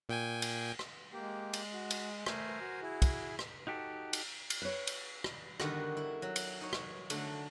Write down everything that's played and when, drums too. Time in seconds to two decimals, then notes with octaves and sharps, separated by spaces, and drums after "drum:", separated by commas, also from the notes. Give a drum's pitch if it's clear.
0.09 A#2 G5 G#5
0.42 drum: cymbal
0.79 drum: rim click
1.13 G#3 A#3 G4
1.53 drum: cymbal
1.73 F#4
1.91 drum: cymbal
2.26 A3 A#4 C5 G#5, drum: rim click
2.61 F#4
2.82 E4 G#4
3.02 drum: kick, cymbal
3.39 drum: rim click
3.67 D#4 F#4 G4 A4
4.13 drum: cymbal
4.50 drum: cymbal
4.62 B4 C#5
4.87 drum: cymbal
5.24 drum: rim click
5.60 D3 D#3 G3 B3 F#4 A#4, drum: rim click
5.97 E4
6.22 F#3
6.36 drum: cymbal
6.61 D#4 C#5
6.73 drum: rim click
7.10 D3 F#3 A3, drum: cymbal